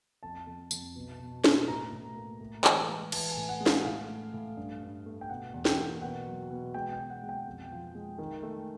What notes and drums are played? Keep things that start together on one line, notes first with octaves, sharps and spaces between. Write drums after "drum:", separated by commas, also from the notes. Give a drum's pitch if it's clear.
F2 A5
F2
F2, drum: tambourine
B2
B2
B2, drum: snare
A2 A#5
A2
A#3
A2
E3, drum: clap
G#3
E3 A5, drum: cymbal
G#5
A2
F#5
G#3
F5, drum: snare
A2 F5
A3
A2
G2
G2
A3
G5
B2 F#5
E2
G5, drum: snare
A#3
B2 F#5
F#3
B2
G#3 G5
G5
B2
F#5
G#3
G5
F2
F3
G#3
D#3
A3